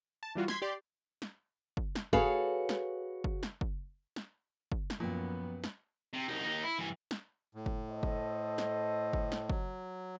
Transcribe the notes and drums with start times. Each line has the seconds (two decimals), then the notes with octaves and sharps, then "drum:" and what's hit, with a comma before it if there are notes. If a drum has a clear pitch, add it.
0.23 A5
0.35 E3 G3 F4 F#4
0.48 C6 G#6 B6, drum: snare
0.62 G4 D5 C6 D6
1.22 drum: snare
1.77 drum: kick
1.95 drum: snare
2.13 F#4 G#4 A4 B4 C#5 F5, drum: kick
2.69 drum: snare
3.24 drum: kick
3.43 drum: snare
3.61 drum: kick
4.16 drum: snare
4.72 drum: kick
4.90 drum: snare
5.00 F#2 A#2 F3 B3 A#4 G5
5.64 drum: snare
6.13 C3
6.28 C2 D#4
6.44 D#2 D#4
6.63 E4
6.79 G2 E3
7.11 drum: snare
7.55 A2
7.66 drum: kick
7.89 A4 C5 D#5
8.03 drum: kick
8.58 drum: snare
9.13 drum: kick
9.32 drum: snare
9.50 F#3, drum: kick